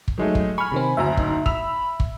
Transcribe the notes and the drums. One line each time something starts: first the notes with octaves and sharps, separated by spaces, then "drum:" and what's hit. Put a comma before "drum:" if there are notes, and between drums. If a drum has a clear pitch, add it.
drum: kick
D#3 F#3 G#3 A3
drum: kick
G#5 B5 C#6 F6
C3 D#3 C4
F#1 D2 E5 A#5
D#4, drum: kick
B5 E6 F7, drum: kick
drum: kick